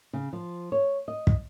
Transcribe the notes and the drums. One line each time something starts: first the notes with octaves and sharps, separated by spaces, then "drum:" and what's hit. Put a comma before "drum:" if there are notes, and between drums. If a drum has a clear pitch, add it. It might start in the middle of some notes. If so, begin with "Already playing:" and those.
C#3
F3
C#5
D#5
drum: kick